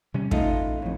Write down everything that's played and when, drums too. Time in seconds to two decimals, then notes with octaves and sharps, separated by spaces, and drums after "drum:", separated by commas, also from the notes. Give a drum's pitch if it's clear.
0.14 C3 G3 C#4
0.31 A1 A3 D#4 F4, drum: kick
0.82 F2 A2